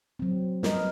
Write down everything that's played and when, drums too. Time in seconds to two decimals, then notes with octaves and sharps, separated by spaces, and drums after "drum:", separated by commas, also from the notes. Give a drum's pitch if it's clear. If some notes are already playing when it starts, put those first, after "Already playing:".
0.19 F#3 C4
0.63 G3 A#4 B4 D#5, drum: snare